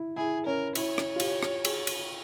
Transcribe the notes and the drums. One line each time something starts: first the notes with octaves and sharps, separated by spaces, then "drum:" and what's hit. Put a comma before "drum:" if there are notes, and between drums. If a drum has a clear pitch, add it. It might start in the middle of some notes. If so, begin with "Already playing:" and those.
Already playing: E4
E4 G#4
C#4 A#4
E4 C#5, drum: cymbal
drum: rim click
F4
G4, drum: cymbal
drum: rim click
G#4, drum: cymbal
drum: cymbal